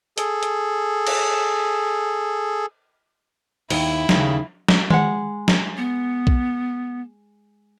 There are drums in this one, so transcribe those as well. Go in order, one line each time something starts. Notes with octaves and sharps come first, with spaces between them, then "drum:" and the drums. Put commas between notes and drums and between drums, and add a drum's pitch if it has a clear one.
G#4 A4, drum: hi-hat
drum: hi-hat
drum: cymbal
D#2 E4, drum: open hi-hat
D#2 C#3, drum: snare
drum: snare
G#3 F#5, drum: tom
drum: snare
B3
drum: kick B1